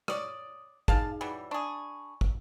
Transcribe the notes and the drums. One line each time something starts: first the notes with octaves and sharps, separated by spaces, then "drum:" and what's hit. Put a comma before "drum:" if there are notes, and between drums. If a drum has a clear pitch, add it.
C#5 D5 D#6, drum: rim click
C#3 D#4 G#4 F5 A5, drum: kick
E3 F#3 G3
D4 G#4 B5 C#6
drum: kick